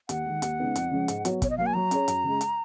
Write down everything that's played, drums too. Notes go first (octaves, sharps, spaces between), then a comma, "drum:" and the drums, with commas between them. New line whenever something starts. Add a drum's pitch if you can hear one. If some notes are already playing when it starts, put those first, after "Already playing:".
D#2 F#5, drum: hi-hat
D#3 G#3
D#2, drum: hi-hat
C#3 G#3 B3 D#4
F2, drum: hi-hat
C#3 F3 G#3 C#4
G#2, drum: hi-hat
F#3 B3 F#4 C#5, drum: hi-hat
B2 C#5, drum: kick, hi-hat
D#5
F#3 A#3 F5
G#5
F#3 A#5
C#4 G#4 C#5, drum: hi-hat
F#2, drum: hi-hat
C#3 G#3
drum: hi-hat